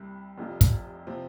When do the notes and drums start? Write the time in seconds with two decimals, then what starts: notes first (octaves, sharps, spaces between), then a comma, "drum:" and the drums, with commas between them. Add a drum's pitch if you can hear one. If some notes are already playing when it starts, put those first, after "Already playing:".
Already playing: C2 C3 G3 B5
0.38 F1 F2 C3 F3
0.61 drum: kick, hi-hat
1.07 C3 F3 C4